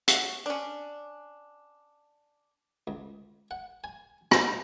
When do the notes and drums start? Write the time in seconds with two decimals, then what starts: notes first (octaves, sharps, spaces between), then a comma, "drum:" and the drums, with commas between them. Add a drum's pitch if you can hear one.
0.08 F#4, drum: hi-hat
0.46 C#4 D4
2.87 C#2
3.51 F#5
3.84 G#5
4.31 A#2, drum: rim click